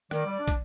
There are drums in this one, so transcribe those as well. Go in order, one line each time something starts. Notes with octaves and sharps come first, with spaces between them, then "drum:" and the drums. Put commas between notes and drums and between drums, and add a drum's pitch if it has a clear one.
D#3 D5, drum: rim click
G3
D4
drum: kick, hi-hat